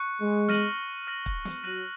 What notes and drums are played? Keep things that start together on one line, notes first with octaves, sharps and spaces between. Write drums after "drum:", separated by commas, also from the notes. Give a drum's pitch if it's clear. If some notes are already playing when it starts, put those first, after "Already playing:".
Already playing: C#6 F#6 C#7
G#3
F6 A#6 D#7 F#7, drum: snare
F6 A#6 D#7 F#7
drum: kick
drum: snare
F#3 F#6 A#6 D#7 F#7